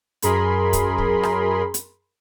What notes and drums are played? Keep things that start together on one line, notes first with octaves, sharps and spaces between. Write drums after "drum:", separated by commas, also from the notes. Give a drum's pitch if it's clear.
F#2 G#4 A#4 B5 C6, drum: hi-hat
drum: kick, hi-hat
drum: kick
drum: rim click
drum: hi-hat